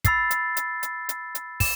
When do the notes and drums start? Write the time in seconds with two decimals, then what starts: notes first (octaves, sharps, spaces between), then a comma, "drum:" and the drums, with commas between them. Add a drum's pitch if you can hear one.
0.05 B5 E6 A6 C7, drum: kick, hi-hat
0.31 drum: hi-hat
0.57 drum: hi-hat
0.83 drum: hi-hat
1.09 drum: hi-hat
1.35 drum: hi-hat
1.60 E7, drum: kick, open hi-hat